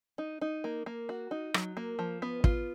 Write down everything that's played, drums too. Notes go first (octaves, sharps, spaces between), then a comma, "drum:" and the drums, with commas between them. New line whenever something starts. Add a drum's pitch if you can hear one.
D#4
D#4
A#3
A#3
F#4
D#4
F#3, drum: rim click
A#3
F3
B3
F4, drum: kick